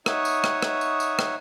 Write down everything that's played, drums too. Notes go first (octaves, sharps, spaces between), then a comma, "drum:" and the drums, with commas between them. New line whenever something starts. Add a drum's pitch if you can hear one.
D#4 C#5 E5 F#5 C#6 D#6, drum: rim click
drum: tambourine
drum: rim click
drum: rim click
drum: tambourine
drum: tambourine
drum: rim click